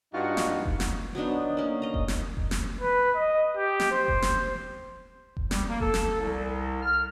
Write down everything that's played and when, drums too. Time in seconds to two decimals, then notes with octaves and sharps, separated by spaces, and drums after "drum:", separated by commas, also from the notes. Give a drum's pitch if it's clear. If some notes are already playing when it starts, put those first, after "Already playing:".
0.14 G2 D#4 F4 F#4
0.37 drum: snare
0.66 drum: kick F1
0.80 drum: snare
1.15 F#3 B3 D4 D#4
1.57 A#3 C#4
1.82 D#5 A#5
1.94 drum: kick F1
2.08 drum: snare
2.37 drum: kick F1
2.51 drum: snare
2.81 B4
3.16 D#5
3.57 G4
3.80 drum: snare
3.92 C5
4.08 drum: kick F1
4.22 drum: snare
5.37 drum: kick F1
5.51 G3, drum: snare
5.68 A#3
5.80 A4, drum: kick F1
5.94 drum: snare
6.19 C2
6.82 F6